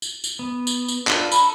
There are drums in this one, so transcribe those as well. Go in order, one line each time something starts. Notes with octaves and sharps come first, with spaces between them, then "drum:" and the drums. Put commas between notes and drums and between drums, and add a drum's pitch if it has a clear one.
drum: tambourine
drum: tambourine
B3
drum: tambourine
drum: tambourine
D4 F4 B4, drum: clap
D#4 A4 B5, drum: tambourine